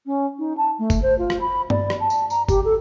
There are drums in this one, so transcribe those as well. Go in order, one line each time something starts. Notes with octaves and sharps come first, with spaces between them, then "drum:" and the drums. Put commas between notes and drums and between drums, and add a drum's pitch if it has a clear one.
C#4
D#4
A5
A3
drum: kick, tambourine
C5
F4
drum: rim click
B5
D5, drum: tom G2
drum: rim click
A5
drum: tambourine
A#5, drum: tambourine
G4, drum: kick, tambourine
A4